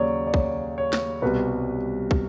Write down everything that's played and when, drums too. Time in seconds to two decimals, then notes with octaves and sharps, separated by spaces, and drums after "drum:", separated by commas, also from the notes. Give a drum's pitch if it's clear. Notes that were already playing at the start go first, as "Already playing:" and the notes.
Already playing: D#2 C#3 F#3 C#5 D5
0.27 D5
0.34 C#5, drum: kick
0.78 C#5
0.93 drum: snare
1.22 C2 B2 G3 B4
2.11 drum: kick